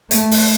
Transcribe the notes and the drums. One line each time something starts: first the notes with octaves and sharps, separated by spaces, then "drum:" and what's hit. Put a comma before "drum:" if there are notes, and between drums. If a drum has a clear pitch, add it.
A3, drum: hi-hat
drum: open hi-hat